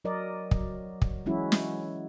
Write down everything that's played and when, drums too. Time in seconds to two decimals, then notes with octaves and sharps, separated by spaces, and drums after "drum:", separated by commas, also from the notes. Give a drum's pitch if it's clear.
0.05 F#3 A#4 D5 D#5
0.51 F#3, drum: kick
1.02 drum: kick
1.26 E3 F#3 G#3 C#4 E4 F#4
1.52 drum: snare